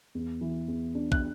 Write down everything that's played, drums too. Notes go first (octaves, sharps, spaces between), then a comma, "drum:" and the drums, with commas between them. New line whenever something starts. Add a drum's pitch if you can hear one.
E2
E3
E2
D4
F#6, drum: kick